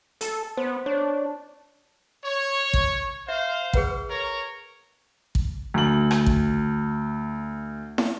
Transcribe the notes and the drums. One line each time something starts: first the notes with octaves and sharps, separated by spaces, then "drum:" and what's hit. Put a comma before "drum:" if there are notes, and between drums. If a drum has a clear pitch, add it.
A4, drum: hi-hat
B3 C5
D4 C#5
C#5
drum: kick
C5 E5 F5
G#4 B4 F#5, drum: kick
A#4 C#5 A#5
drum: kick
D2 F#7
drum: rim click
drum: kick
drum: snare